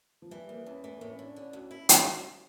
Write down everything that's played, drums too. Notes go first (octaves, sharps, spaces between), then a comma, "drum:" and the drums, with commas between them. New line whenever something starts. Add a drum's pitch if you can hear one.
F3
E3 G3
E2 A#3
E2 C#4
E3 A3
A2 A#3
C#4
A2 D4
D3 C#4
D2
E4
C#3, drum: hi-hat
D2